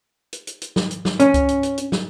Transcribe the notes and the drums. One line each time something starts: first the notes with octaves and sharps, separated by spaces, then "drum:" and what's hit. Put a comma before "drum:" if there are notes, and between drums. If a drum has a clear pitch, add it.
drum: hi-hat
drum: hi-hat
drum: hi-hat
drum: snare
drum: hi-hat
drum: snare
C#4, drum: hi-hat
drum: kick C#2, hi-hat
drum: hi-hat
drum: hi-hat
drum: hi-hat
drum: snare